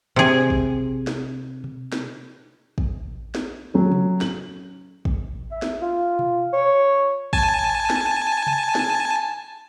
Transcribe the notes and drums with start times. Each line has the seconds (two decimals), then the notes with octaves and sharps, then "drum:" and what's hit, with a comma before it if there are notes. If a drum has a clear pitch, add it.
0.16 C3 G#4
0.50 drum: kick
1.07 drum: snare
1.64 drum: tom B2
1.92 drum: snare
2.78 drum: kick
3.35 drum: snare
3.74 F#3 C#4 A4
3.92 drum: tom C3
4.21 F#7, drum: snare
5.05 drum: kick
5.52 E5
5.62 drum: snare
5.82 F4
6.19 drum: tom B2
6.53 C#5
7.33 G#5 A5, drum: kick
7.90 drum: snare
8.47 drum: tom C3
8.75 drum: snare